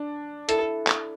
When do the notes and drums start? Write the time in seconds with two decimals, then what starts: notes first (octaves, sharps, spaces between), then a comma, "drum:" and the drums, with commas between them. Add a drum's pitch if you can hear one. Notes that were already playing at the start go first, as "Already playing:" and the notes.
Already playing: D4
0.49 E4 A4, drum: hi-hat
0.87 drum: clap